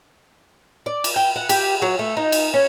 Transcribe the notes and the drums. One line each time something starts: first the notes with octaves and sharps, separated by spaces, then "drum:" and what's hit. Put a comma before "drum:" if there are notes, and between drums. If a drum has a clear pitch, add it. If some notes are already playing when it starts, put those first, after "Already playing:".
D5
drum: cymbal
G5
F#5
G4, drum: cymbal
F#3
A3
D#4
drum: cymbal
C#4